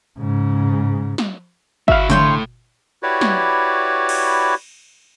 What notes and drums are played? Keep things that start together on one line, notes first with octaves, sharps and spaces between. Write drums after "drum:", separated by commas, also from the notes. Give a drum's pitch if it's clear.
G#2 C#3
drum: snare
E4 F#4 E5 F5, drum: kick G1
A2 D3 C#5 G5 C6, drum: tom
E4 F#4 G4 B4 C#5 D5
drum: snare
drum: cymbal